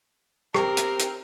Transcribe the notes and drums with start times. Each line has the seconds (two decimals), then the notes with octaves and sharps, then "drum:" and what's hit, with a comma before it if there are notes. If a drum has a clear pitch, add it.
0.54 C4 G4 A#4, drum: rim click
0.77 drum: hi-hat
0.99 drum: hi-hat